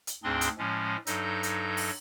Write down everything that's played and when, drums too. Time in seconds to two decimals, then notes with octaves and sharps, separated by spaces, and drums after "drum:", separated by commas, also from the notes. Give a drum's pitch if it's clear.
0.07 drum: hi-hat
0.24 D2 G#2 C4 D4 G#4 C6
0.41 drum: hi-hat
0.58 A2 F3 G#3 C#4
1.07 G2 F#3 D#4 A4 D#5 G6, drum: hi-hat
1.43 drum: hi-hat
1.77 drum: open hi-hat